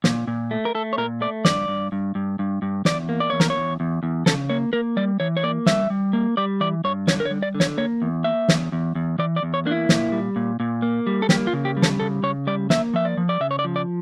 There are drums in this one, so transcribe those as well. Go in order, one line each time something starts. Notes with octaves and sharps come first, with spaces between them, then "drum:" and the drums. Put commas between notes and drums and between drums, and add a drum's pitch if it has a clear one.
A#2, drum: snare
A#2
A3
A#4
A3 A4
C#5
A#2 A#4
A3 D5
G2 D5, drum: snare
G2
G2
G2
G2
G2
E2 D5, drum: snare
A#3
D5
E2 C#5
A#4, drum: snare
C#5
E2
E2
E2
C#3 A4, drum: snare
A#3 C#5
A#3 A#4
G3 D5
E3 C#5
C#5
A#3 D5
G3 E5, drum: snare
G3
A#3
G3 D5
E3 D5
G2 C#5
D3 C#5, drum: snare
A#4
C#5
G3
D5
D3
C#5, drum: snare
A#3 C#5
E2
A#3 E5
E2, drum: snare
E2
E2
E3 D5
D5
E2
C#5
A#3 D4
E4
A#2, drum: snare
G3
A#2
A#2
A#3
G3
A4
A#3 G4, drum: snare
F4
C#3
G4
G3
A4, drum: snare
C#3 A4
C#3 C#5
G3 D5
A#3 E5, drum: snare
F3 E5
D5
F3
D5
C#3 E5
C#5
D5
F3
D5